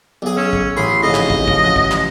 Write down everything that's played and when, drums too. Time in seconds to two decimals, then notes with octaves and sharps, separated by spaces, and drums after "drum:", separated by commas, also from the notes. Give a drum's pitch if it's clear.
0.22 B1 G#4
0.37 C#4 C#5 E6
0.53 drum: kick
0.77 A1 G#4 B5 C6
1.03 F2 G#2 C#3 D#5
1.15 drum: clap
1.30 drum: kick
1.48 C#3 F3, drum: kick
1.64 F#2 F#6
1.76 drum: kick
1.91 drum: clap